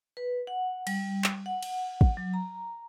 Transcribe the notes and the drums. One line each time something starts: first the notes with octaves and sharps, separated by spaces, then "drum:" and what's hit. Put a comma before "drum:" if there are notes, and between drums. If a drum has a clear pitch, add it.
B4
F#5
G3, drum: cymbal
drum: clap
F#5
drum: cymbal
drum: kick
F#3
A#5